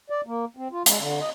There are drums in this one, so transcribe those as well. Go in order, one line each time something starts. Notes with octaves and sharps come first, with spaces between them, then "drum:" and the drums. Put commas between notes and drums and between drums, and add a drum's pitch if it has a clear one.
D5
A#3
C4
F4
G#3, drum: hi-hat
D3
D#5